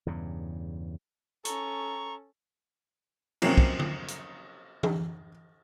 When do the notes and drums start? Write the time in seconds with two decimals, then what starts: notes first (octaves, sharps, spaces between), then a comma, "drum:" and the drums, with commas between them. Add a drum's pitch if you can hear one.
0.06 E2 G2 C#3
1.45 C#4 A4 A#5 C#6, drum: hi-hat
3.42 C3 F3 F#3 A#3 C4 C#4, drum: cymbal
3.58 drum: kick
3.79 drum: tom D3
4.08 drum: hi-hat
4.83 drum: tom E3